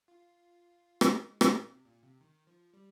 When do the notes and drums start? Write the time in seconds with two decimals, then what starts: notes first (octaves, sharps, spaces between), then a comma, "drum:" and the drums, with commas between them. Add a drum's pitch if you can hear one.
0.08 F4
1.01 drum: rim click
1.14 G#3
1.41 A#2, drum: rim click
1.68 C3
1.85 A#2
2.03 C3
2.21 D#3
2.47 F3
2.74 G3